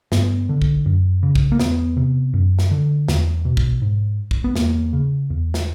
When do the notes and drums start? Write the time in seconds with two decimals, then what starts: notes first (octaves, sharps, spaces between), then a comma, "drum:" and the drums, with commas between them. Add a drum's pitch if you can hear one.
0.12 G2 B3, drum: snare
0.49 D3
0.62 drum: kick
0.86 F#2
1.23 C#3
1.35 drum: kick
1.52 A#3
1.60 E2 B3, drum: snare
1.97 C3
2.34 F#2
2.59 drum: snare
2.71 D3
3.08 E2, drum: snare
3.45 B2
3.57 drum: kick
3.82 G#2
4.31 drum: kick
4.44 B3
4.56 E2 A#3, drum: snare
4.93 C#3
5.30 E2
5.54 drum: snare